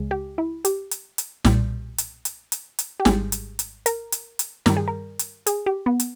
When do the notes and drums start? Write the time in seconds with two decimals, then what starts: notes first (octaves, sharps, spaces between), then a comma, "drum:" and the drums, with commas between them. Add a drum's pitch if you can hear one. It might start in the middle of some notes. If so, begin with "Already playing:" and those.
Already playing: C#2 C#3 G#3
0.11 G4
0.38 E4
0.65 G4, drum: hi-hat
0.91 drum: hi-hat
1.18 drum: hi-hat
1.45 B1 A#2 G3, drum: snare
1.98 drum: hi-hat
2.25 drum: hi-hat
2.52 drum: hi-hat
2.79 drum: hi-hat
3.00 G4
3.05 G#1 G#2 G3 G#4, drum: snare
3.32 drum: hi-hat
3.59 drum: hi-hat
3.86 A#4, drum: hi-hat
4.12 drum: hi-hat
4.39 drum: hi-hat
4.66 G2 D#3 G3 A#4, drum: snare
4.77 G#4
4.88 A#4
5.19 drum: hi-hat
5.47 G#4, drum: hi-hat
5.66 G4
5.86 B3
6.00 drum: hi-hat